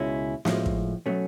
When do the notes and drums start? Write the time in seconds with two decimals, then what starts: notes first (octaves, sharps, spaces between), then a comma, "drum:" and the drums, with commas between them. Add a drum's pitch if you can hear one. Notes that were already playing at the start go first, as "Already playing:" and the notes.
Already playing: C#2 B2 G#3 C#4 E4
0.45 A2 F3 G#3, drum: snare
0.66 drum: kick
1.06 B2 F#3 A3 C#4